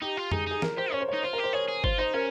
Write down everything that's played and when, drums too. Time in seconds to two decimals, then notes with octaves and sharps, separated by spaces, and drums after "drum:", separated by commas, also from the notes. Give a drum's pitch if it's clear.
0.02 D#4 G4
0.17 F4
0.32 D#4 G#4, drum: tom F2
0.47 D#4 G#4
0.62 A#4, drum: snare
0.77 G4 C5
0.92 C#4 C#5
1.01 C5
1.09 D#4 C#5
1.23 F4 C5
1.33 A#4
1.38 G4
1.43 C5
1.53 G#4 C#5
1.68 G#4
1.84 F4 C5, drum: kick G1
1.98 D#4 C5
2.14 C#4 A#4